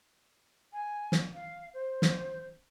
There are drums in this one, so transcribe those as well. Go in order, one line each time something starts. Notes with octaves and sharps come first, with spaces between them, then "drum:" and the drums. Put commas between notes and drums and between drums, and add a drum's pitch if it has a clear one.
G#5
drum: snare
F5
C5
drum: snare